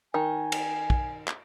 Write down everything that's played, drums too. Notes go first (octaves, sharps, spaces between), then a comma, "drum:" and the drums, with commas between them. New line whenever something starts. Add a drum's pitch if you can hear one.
D#3 G#5
drum: cymbal
drum: kick
drum: clap